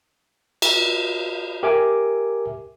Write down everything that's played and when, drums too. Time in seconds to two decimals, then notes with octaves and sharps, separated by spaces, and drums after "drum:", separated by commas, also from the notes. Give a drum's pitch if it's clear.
0.62 drum: cymbal
1.63 G4 A#4 E5 G#5 D6